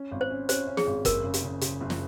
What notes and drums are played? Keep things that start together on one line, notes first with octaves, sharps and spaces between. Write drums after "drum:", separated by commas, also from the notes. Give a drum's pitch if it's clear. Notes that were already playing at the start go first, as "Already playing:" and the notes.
Already playing: C#4
G#1
C5
C#4
C#4 C5, drum: hi-hat
C#4
G#4, drum: snare
G#1
F#1 A#4, drum: kick F#1, hi-hat
C#3
drum: hi-hat
C#3
C#3, drum: hi-hat
F#1
drum: snare